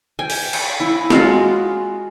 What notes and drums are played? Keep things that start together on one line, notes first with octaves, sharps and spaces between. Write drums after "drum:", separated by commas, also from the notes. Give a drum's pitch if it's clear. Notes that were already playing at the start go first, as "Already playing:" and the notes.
G5 G#5
drum: open hi-hat
drum: cymbal
E4
G#3 F4 F#4, drum: snare